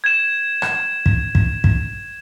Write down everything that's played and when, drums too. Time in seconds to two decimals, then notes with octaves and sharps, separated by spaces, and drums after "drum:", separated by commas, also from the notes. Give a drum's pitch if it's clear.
0.04 G#6 E7
0.62 drum: rim click
1.06 drum: kick
1.35 drum: kick
1.64 drum: kick